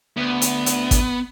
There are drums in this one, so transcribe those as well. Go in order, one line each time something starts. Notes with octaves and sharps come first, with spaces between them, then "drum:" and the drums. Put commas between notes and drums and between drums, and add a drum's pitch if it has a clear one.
D2 B3
drum: hi-hat
drum: hi-hat
drum: kick G#1, hi-hat